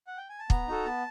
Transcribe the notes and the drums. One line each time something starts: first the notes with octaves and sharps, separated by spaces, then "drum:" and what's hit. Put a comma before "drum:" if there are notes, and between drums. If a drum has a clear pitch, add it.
F#5
G5
G#5
A5
B3 A#5, drum: kick
D#4 F#4 A4
B3 A5